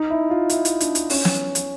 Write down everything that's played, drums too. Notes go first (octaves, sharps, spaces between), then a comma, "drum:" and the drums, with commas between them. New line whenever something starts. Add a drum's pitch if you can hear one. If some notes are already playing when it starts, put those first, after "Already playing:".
Already playing: D#4
E4
F4
E4, drum: hi-hat
drum: hi-hat
D4, drum: hi-hat
drum: hi-hat
C#4, drum: open hi-hat
drum: snare
drum: hi-hat